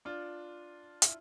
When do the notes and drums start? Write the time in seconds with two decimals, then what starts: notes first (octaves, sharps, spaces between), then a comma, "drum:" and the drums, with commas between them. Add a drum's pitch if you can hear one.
0.05 D4 F4
1.02 E4, drum: hi-hat